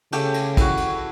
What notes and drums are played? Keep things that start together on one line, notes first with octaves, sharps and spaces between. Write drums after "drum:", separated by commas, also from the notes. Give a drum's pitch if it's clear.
C#3 A3 G4 G5, drum: cymbal
drum: cymbal
E4 F#4, drum: kick, cymbal
drum: cymbal